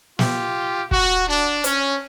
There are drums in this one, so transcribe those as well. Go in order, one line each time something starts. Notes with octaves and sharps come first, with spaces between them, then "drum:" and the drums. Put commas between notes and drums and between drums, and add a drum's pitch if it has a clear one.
F4 G4, drum: snare
F#4, drum: kick
D4
C#4, drum: hi-hat